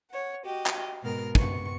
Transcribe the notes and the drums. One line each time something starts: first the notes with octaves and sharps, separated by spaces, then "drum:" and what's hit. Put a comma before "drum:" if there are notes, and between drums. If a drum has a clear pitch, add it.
C#5 F#5
F#4 G4 D#5
drum: clap
G#2 B2 A#4 F6
C3 B3 C#6, drum: kick